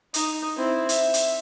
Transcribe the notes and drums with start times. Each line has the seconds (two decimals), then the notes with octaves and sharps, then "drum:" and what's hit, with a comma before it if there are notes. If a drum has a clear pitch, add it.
0.14 D#4, drum: hi-hat
0.56 C4 E4
0.89 E5, drum: hi-hat
1.14 drum: hi-hat